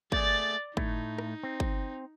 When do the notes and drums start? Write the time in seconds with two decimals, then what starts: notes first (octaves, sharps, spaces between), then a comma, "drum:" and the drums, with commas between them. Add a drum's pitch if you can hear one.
0.12 A3 G#4 D5 A6, drum: kick
0.77 A2 A3 D#4, drum: kick
1.18 drum: rim click
1.43 C4
1.60 drum: kick